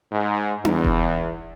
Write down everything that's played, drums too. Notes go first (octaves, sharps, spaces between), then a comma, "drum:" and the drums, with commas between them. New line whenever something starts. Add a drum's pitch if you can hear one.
G#2
E2, drum: tom D4
drum: kick E1